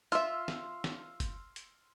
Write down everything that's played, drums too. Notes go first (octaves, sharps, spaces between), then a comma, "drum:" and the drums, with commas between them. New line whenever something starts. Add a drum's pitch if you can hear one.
F4 E5 C6 E6 F6, drum: hi-hat
drum: snare
drum: snare
drum: kick F#1, hi-hat
drum: hi-hat